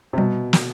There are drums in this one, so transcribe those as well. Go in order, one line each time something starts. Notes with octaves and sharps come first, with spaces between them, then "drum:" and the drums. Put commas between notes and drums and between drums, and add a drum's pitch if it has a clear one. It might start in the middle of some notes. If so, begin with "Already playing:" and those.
C3
B2 G3
drum: snare